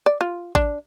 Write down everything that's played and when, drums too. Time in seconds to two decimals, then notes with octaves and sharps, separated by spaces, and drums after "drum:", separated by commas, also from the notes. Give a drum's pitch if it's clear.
0.06 D5
0.21 F4
0.55 D4, drum: kick A1